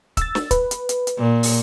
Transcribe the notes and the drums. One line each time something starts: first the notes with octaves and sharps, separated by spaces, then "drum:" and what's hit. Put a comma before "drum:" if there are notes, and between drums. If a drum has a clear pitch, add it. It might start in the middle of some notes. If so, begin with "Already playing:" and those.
E6 A6, drum: kick, hi-hat
drum: snare
B4, drum: kick, hi-hat
drum: hi-hat
drum: hi-hat
drum: hi-hat
A#2
drum: open hi-hat